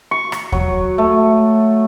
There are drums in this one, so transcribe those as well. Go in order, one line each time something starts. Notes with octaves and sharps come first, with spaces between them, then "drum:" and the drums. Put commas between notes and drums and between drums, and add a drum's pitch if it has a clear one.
C#6
drum: rim click
F#3, drum: kick D#2
A3